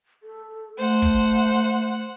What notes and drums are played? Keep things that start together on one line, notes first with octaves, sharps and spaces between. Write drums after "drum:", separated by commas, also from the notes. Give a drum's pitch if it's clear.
A4
A3 C5 F#5, drum: hi-hat
drum: kick